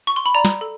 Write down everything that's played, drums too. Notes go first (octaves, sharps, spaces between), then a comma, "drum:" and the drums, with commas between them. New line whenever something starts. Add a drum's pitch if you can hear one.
C#6
C6
B5
D5 A#5
drum: snare
A4